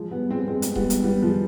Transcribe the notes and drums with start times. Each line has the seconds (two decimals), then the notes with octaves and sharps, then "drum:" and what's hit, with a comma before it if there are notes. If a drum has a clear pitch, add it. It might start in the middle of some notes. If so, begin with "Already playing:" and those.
Already playing: F3 G#3
0.11 G3 B3
0.30 G#3 C4
0.48 G#3 C4
0.62 drum: hi-hat
0.75 G3 B3, drum: kick D#1
0.90 drum: hi-hat
1.04 G3 B3
1.22 F3 G#3